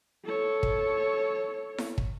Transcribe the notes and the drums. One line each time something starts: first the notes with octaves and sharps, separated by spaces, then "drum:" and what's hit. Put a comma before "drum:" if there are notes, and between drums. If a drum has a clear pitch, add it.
A4 C#5
drum: kick
drum: snare E4
drum: kick